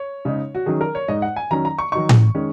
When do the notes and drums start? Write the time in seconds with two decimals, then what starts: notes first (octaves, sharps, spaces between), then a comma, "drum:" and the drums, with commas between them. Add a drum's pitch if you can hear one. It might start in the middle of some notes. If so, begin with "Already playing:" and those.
Already playing: C#5
0.25 C#3 G#3 D#4
0.55 F#4
0.66 D#3 F#3 C#4 G#4
0.81 A#4
0.95 C#5
1.08 G#2 G#3 D#4 D#5
1.22 F#5
1.36 G#5
1.51 D#3 F#3 C#4 A#5
1.65 A#5
1.79 C#6
1.92 D#3 F#3 D#4 C#6
2.09 drum: tom A2
2.35 D#3 G#3 C#4